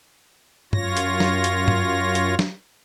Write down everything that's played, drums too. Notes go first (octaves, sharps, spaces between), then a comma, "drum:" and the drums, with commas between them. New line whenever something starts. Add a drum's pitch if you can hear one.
F#2 F4 C#5 A#6, drum: tom G2
drum: hi-hat
drum: snare
drum: hi-hat
drum: tom G2
drum: hi-hat
drum: snare